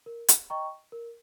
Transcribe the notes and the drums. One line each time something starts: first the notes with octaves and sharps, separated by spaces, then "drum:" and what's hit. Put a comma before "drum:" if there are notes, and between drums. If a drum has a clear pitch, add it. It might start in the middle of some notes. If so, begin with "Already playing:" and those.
A#4
drum: hi-hat
D#5 G5 A#5 C#6
A#4